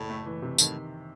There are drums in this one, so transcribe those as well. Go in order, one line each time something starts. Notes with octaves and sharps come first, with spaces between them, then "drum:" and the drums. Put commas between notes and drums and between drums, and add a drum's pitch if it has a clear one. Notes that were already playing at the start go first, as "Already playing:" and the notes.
Already playing: F#1 A2
A3
E3
C3
A2 D#3, drum: tambourine